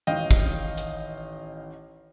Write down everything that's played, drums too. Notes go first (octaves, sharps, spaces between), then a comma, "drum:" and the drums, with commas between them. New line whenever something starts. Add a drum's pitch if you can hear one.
A1 D#3 D#5 F5 G5
drum: kick G#1
drum: hi-hat